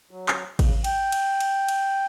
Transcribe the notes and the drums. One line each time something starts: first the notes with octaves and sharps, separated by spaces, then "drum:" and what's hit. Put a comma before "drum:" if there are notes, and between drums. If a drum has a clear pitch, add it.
F#3
drum: clap
C#3, drum: kick G#1, cymbal
G5, drum: cymbal
drum: cymbal
drum: cymbal
drum: cymbal